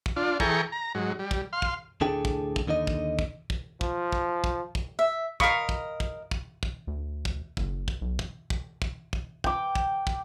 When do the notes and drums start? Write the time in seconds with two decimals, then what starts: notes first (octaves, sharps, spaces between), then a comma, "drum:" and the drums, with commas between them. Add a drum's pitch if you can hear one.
0.06 drum: kick
0.16 D4 F4
0.40 E3 G#4 A4 G5 A#5 C#6, drum: kick
0.72 A#5
0.95 G#2 F#3
1.19 G3
1.31 drum: kick
1.53 F5 C6
1.62 drum: kick
2.01 D2 A2 D4 G#4 A4 G5
2.25 drum: kick
2.56 drum: kick
2.67 D#2 D3 D#4 D#5
2.87 drum: kick
3.19 drum: kick
3.50 drum: kick
3.81 F3, drum: kick
4.12 drum: kick
4.44 drum: kick
4.75 drum: kick
4.99 E5
5.40 A#4 D#5 F5 B5 C#6, drum: kick
5.69 drum: kick
6.00 drum: kick
6.31 drum: kick
6.63 drum: kick
6.87 D2
7.25 drum: kick
7.57 F#1, drum: kick
7.88 drum: kick
8.01 B1
8.19 drum: kick
8.50 drum: kick
8.82 drum: kick
9.13 drum: kick
9.44 G5 D6, drum: kick
9.75 drum: kick
10.07 drum: kick